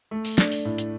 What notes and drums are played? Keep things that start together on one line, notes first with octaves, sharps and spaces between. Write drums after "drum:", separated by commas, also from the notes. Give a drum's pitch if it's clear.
A3
drum: open hi-hat
D4, drum: snare
drum: open hi-hat
A2
drum: hi-hat